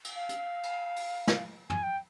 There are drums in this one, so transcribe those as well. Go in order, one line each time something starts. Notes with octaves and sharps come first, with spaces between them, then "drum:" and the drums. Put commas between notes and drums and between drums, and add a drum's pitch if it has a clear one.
drum: cymbal
F5
drum: hi-hat
drum: cymbal
drum: open hi-hat
drum: snare
G#5, drum: tom
G5